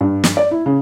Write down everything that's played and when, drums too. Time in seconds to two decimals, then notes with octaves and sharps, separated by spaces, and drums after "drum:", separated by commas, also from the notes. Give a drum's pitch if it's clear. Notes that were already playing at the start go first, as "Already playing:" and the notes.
0.01 G2
0.24 drum: snare
0.37 D5
0.51 E4
0.66 C#3